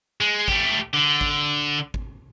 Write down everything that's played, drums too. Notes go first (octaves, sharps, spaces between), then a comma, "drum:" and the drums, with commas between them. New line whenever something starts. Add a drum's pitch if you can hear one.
G#3
A3 G4, drum: kick G#1
D3
drum: kick G#1
drum: kick G#1